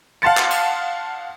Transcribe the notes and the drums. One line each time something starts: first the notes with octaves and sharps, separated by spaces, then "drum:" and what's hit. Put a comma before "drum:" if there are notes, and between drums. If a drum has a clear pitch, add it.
F5 F#5 A5 C6 A6 C#7
drum: clap
drum: cymbal